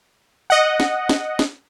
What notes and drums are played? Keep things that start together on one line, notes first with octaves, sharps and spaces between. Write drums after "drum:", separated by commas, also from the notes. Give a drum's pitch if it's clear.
D#5 F#5
drum: snare
drum: snare
drum: snare